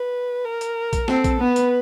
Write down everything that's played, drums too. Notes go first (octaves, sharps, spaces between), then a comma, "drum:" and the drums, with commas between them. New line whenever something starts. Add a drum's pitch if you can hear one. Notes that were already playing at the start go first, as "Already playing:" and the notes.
Already playing: B4
A#4
drum: hi-hat
drum: kick A#1, hi-hat
C4 A4, drum: snare
drum: kick A#1, hi-hat
B3 B4
drum: hi-hat